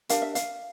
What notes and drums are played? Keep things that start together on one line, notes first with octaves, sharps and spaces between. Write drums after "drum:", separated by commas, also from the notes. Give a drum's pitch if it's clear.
D4 G4 A#4 F5, drum: hi-hat
E5
F5, drum: hi-hat